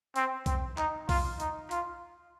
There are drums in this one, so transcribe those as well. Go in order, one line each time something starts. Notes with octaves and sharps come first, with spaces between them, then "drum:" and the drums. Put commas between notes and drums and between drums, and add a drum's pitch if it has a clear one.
C4, drum: hi-hat
C4, drum: kick B1, hi-hat
D#4, drum: clap
F4, drum: kick B1, open hi-hat
D#4, drum: hi-hat
F4, drum: hi-hat